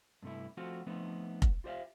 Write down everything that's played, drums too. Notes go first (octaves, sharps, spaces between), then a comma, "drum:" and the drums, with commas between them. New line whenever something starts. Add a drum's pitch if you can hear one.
G2 C3 A3 E4
F3 A3 C4 F4 F#4
F3 A3 B3 C4 D#4
drum: kick F1
F4 G4 C5 D5 E5 F5